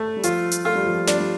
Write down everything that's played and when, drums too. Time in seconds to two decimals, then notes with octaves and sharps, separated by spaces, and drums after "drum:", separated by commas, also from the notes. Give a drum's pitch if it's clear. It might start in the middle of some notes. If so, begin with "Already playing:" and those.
Already playing: A3
0.17 G3
0.23 F3 F4, drum: hi-hat
0.51 drum: hi-hat
0.65 A3 F4
0.75 G3
0.85 F3
0.94 G3
1.07 G3 D4, drum: snare
1.18 G3